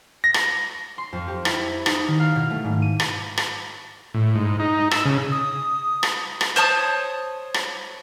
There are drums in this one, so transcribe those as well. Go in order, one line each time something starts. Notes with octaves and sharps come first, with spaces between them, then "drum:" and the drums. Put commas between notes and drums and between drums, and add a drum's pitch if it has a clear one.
A#6
drum: rim click
C6
F2
G4
E4, drum: rim click
D#4, drum: rim click
D#3
F5
B2
A3
G#2
D#7
drum: rim click
drum: rim click
A2
G#2
D#4
E6, drum: rim click
C#3
D#6
drum: rim click
drum: rim click
C5 C#5 A5 D#6
drum: rim click